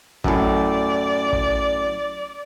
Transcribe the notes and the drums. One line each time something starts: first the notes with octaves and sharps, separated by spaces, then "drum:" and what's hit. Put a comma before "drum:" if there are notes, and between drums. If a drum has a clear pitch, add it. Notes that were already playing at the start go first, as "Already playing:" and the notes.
F#2 A2 D5, drum: kick A1
drum: kick A1